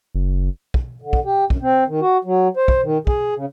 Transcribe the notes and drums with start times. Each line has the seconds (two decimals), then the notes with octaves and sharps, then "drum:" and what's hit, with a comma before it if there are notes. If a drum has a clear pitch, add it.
0.15 F#1
0.74 drum: kick
1.02 D3
1.13 drum: kick
1.26 G4
1.50 F#2, drum: kick
1.62 C4
1.88 D#3
2.01 F#4
2.24 F#3
2.57 C5
2.68 drum: kick
2.83 D#3
3.07 G#4, drum: kick
3.35 C#3